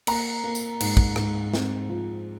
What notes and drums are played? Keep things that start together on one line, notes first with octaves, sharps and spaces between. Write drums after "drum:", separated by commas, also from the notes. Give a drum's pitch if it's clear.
A#3 A#5, drum: cymbal
A#3
drum: tambourine
G#2, drum: cymbal
drum: kick
G#2, drum: rim click
C4, drum: snare
F3